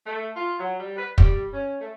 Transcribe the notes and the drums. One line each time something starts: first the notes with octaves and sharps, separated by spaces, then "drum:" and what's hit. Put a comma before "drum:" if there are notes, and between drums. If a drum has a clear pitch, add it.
A3
F4
F#3
G3
B4
G3, drum: kick
C#4
A3